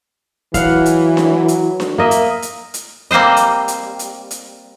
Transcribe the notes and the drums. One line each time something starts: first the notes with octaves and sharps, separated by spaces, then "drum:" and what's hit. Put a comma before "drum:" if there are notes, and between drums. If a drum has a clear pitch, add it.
E3 F#3 F5 F#5, drum: kick F1, hi-hat
drum: hi-hat
drum: snare D4
drum: hi-hat
drum: snare D4
A#3 D#5 E5
drum: hi-hat
drum: hi-hat
drum: hi-hat
G3 A#3 C4 C5 D#5
drum: hi-hat
drum: hi-hat
drum: hi-hat
drum: hi-hat